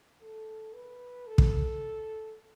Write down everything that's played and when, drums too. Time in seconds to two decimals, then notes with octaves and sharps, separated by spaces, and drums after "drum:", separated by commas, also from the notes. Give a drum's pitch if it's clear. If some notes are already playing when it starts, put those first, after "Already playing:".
0.22 A4
0.74 B4
1.27 A4
1.38 drum: kick